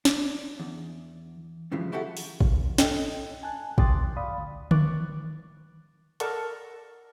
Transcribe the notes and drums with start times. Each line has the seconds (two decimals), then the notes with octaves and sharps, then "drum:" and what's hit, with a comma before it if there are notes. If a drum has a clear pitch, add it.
0.05 D4, drum: snare
0.60 E2
1.72 G2 C#3 E3 F3 G#3
1.92 E4 F#4 G4 A4 E5 F#5
2.17 drum: open hi-hat
2.41 drum: kick
2.78 A4 D#5 G5, drum: snare
3.43 G#5 A5 F#6
3.78 G5 C6 D6 D#6 F#6 A6, drum: kick
4.17 D5 F5 B5 D#6
4.38 D2
4.71 C#6 D6 F#6 A6, drum: tom D3
6.20 A4 A#4 D5 F#5 A5 C#6, drum: hi-hat